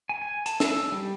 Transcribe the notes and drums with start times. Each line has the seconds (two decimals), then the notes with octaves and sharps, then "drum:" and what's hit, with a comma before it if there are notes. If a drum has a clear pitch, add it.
0.09 G#5
0.22 G#5
0.46 A5, drum: hi-hat
0.60 E6, drum: snare
0.92 G3